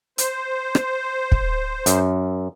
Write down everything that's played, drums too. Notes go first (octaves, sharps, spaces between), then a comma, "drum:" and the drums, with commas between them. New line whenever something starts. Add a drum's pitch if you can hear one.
C5, drum: hi-hat
drum: rim click
drum: kick
F#2, drum: hi-hat